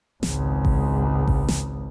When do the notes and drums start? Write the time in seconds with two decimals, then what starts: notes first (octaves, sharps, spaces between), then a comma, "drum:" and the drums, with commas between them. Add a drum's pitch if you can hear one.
0.23 G#1 C#2, drum: snare
0.65 drum: kick A1
1.28 drum: kick A1
1.48 drum: snare